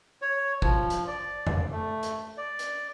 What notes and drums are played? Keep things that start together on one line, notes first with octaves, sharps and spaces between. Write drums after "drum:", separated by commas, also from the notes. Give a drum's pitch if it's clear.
C#5
F3, drum: kick
drum: hi-hat
D5
drum: tom E2
A3
drum: hi-hat
D5
drum: hi-hat